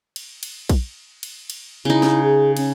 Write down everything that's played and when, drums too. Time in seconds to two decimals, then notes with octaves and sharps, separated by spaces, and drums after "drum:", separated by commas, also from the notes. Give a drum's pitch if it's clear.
0.16 drum: cymbal
0.43 drum: cymbal
0.69 drum: kick A#1, cymbal
1.23 drum: cymbal
1.50 drum: cymbal
1.85 C#3 D#4 E4
2.03 drum: snare
2.23 G#4
2.57 C#4, drum: cymbal